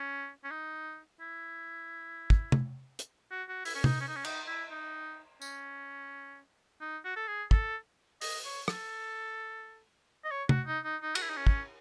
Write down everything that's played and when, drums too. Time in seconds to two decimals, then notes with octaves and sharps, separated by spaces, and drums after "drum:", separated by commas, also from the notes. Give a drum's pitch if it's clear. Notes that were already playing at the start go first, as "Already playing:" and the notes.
Already playing: C#4
0.44 C#4
0.51 D#4
1.21 E4
2.30 drum: kick
2.52 drum: tom
2.99 drum: hi-hat
3.31 F#4
3.49 F#4
3.65 E4, drum: open hi-hat
3.75 C#4
3.84 D#4, drum: tom C3
4.01 C#4
4.08 D#4
4.16 C#4
4.25 D#4, drum: cymbal
4.47 E4
4.71 D#4
5.41 C#4, drum: tambourine
6.81 D#4
7.05 F#4
7.16 A4
7.28 G#4
7.51 A4, drum: kick
8.21 D#5, drum: open hi-hat
8.45 C#5
8.68 A4, drum: rim click
10.24 D#5
10.31 C#5
10.49 F#4, drum: tom
10.67 D#4
10.84 D#4
11.02 D#4
11.15 F#4, drum: cymbal
11.22 E4
11.30 D#4
11.37 C#4
11.47 drum: kick